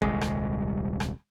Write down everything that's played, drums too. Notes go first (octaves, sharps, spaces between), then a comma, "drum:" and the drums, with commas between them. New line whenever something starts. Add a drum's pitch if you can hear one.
D#1 C2 G#3, drum: kick
drum: rim click
drum: rim click